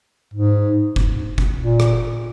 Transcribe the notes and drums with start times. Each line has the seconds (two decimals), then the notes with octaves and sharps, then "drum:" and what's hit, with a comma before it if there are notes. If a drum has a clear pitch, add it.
0.34 G#2
0.96 drum: kick F#1
1.38 drum: kick F#1
1.59 A#2
1.80 drum: rim click